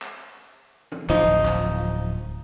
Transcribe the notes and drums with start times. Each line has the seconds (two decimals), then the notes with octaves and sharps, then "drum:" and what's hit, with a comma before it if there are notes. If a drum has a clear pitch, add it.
0.02 drum: clap
0.92 drum: tom
1.10 D1 F3 D#4, drum: clap
1.28 drum: kick A1
1.45 drum: clap